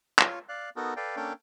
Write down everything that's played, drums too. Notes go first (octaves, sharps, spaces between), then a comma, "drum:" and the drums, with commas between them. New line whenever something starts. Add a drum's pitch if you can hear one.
F4 C#5, drum: clap
D5 F5 F#6
B3 D#4 F#4 A4 A#4
A4 B4 D5 F5 G5
A#3 C#4 D4 A4 C#5 G5